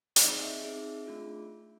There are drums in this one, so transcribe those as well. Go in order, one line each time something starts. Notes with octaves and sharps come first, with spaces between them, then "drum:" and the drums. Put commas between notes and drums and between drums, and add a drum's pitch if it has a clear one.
D5, drum: hi-hat
C4 D#4 G#4 D#5
E5
C4 D#4 G#4
A3 D4 F4 G#4